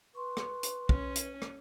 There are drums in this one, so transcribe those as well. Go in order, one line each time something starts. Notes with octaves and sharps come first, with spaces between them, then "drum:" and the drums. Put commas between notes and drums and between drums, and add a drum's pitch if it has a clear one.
B4 C6 C#6
drum: rim click
drum: hi-hat
C#4, drum: kick
drum: hi-hat
drum: rim click